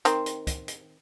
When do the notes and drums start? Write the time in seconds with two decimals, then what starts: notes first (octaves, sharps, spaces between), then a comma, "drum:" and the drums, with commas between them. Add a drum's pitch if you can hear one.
0.05 D#3 C4, drum: hi-hat
0.26 drum: hi-hat
0.47 drum: kick, hi-hat
0.68 drum: hi-hat